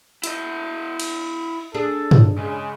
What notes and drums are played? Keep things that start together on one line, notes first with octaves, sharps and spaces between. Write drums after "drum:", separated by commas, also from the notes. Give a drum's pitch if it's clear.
E4 D#5, drum: hi-hat
drum: cymbal
D4 G#4 A4
drum: tom
C#3 G#3